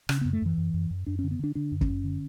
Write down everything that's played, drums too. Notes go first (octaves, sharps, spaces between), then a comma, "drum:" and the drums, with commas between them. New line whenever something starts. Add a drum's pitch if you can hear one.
C#3 C#4, drum: rim click
B3
F#2
A3
F#2 E3
F#2
F#2
F#2
F#2 D4
C#4
D3
B3
D3 D4
D3 D4
F#2
C#4, drum: kick
F#2
D3